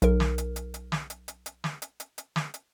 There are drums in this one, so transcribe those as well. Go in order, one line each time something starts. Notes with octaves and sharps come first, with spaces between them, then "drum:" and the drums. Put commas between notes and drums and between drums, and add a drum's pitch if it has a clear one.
B1 A#4, drum: hi-hat
drum: snare
drum: hi-hat
drum: hi-hat
drum: hi-hat
drum: snare
drum: hi-hat
drum: hi-hat
drum: hi-hat
drum: snare
drum: hi-hat
drum: hi-hat
drum: hi-hat
drum: snare
drum: hi-hat